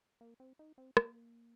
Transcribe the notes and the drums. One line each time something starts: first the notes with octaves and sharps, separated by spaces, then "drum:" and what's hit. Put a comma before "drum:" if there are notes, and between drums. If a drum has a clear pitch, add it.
A#3
C4
D#4
C4
A#3, drum: rim click